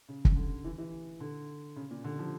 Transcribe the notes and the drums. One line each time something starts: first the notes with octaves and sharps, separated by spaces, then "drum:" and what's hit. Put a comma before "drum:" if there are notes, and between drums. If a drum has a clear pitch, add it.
C#3
drum: kick
D3
E3
E3
D3
C#3
A#2
D3
F3